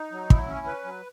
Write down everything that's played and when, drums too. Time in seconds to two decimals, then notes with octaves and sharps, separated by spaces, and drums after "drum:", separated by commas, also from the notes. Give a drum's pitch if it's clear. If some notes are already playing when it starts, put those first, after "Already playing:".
Already playing: D#4
0.12 F#3
0.30 E4, drum: kick
0.48 C#4
0.66 B4
0.84 F#3